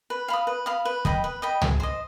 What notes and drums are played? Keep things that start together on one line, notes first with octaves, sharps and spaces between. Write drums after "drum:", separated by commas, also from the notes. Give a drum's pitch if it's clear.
B4
F5 B5 D#6
B4
F5 B5 D#6
B4
D#5 G5 B5, drum: kick
B4
D#5 G5 B5
G#4, drum: tom
C5 D#5